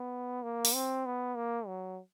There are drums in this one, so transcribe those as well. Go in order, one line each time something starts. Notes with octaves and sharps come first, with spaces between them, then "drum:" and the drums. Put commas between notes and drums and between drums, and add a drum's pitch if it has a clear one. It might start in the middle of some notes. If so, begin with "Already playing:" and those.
Already playing: B3
A#3
drum: open hi-hat
C4
B3
A#3
F#3